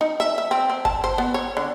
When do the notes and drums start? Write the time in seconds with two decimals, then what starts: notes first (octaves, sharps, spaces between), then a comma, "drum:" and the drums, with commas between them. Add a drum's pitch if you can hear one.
0.01 D#4
0.20 E5
0.38 E5
0.51 C4
0.70 C4
0.85 A5, drum: kick G1
1.04 C5
1.18 B3
1.34 C#5
1.57 D3